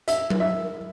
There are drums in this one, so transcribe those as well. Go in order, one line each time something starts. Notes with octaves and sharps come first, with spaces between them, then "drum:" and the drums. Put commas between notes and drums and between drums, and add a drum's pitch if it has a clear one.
E5, drum: hi-hat
drum: tom F#3
E5